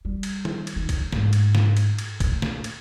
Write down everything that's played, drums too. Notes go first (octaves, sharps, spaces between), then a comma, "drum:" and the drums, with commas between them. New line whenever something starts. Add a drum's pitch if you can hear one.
G3
drum: cymbal
drum: tom D#3
drum: cymbal
D#3
drum: kick B1, cymbal
G#2, drum: snare
drum: cymbal
drum: snare
drum: cymbal
drum: cymbal
A2, drum: kick B1, cymbal
drum: snare
drum: cymbal